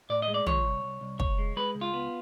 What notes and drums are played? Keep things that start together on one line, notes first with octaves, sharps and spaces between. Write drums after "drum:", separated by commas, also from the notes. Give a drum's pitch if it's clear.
A2 D5
D#5
G#3
D5
F3 C#5, drum: tom
C2
C2
C2
C#2 C#5, drum: kick
G#3
G#3 B4
C#2
F4
B3